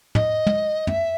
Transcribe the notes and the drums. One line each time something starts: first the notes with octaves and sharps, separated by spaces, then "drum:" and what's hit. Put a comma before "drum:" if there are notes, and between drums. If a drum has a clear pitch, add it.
D#5, drum: tom
drum: tom
E5, drum: tom